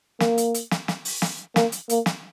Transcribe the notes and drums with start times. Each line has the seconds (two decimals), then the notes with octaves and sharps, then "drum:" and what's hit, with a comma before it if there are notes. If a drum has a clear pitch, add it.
0.20 A#3, drum: snare
0.38 drum: hi-hat
0.55 drum: hi-hat
0.71 drum: snare
0.88 drum: snare
1.05 drum: open hi-hat
1.22 drum: snare
1.56 A#3, drum: snare
1.72 drum: hi-hat
1.90 A#3, drum: hi-hat
2.06 drum: snare